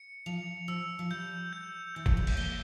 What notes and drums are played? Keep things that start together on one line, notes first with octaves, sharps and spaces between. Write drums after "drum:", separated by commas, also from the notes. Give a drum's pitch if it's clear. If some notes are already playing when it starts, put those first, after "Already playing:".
Already playing: C#7
F3 F7
F3 E6
F3
G3 G6
G6
E3 G6
F3, drum: kick
G3
G#3, drum: cymbal
A#3 G7